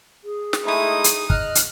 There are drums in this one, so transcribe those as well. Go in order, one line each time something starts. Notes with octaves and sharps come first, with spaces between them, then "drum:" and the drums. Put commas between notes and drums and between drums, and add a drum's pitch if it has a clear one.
G#4
drum: snare
G#3 A3 D#4 E4 D#6
drum: hi-hat
D#5 F6 F#6, drum: kick
drum: hi-hat